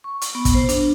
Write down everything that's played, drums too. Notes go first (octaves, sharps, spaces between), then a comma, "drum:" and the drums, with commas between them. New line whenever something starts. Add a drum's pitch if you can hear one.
C#6
drum: hi-hat
B3
drum: kick, hi-hat
C5
D4, drum: hi-hat